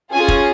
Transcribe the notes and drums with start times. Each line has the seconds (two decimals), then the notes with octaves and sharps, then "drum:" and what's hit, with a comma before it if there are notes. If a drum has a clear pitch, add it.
0.13 C#4 F4 G#4 G#5
0.28 drum: kick